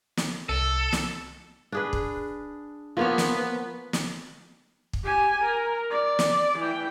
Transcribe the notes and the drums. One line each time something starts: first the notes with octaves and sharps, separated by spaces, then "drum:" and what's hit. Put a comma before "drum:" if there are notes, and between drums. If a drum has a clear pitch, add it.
drum: snare
C2 A4
drum: snare
D4 G#4 B4
drum: kick
F3 A#3 B3 C#5
drum: snare
drum: snare
drum: kick
G4 G#5
A#4
D5
drum: snare
E3 G5